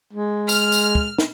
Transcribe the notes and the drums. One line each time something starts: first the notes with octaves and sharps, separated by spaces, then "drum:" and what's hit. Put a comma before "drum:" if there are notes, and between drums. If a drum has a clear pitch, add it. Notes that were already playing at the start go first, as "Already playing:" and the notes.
G#3
F6, drum: tambourine
drum: tambourine
drum: kick
drum: snare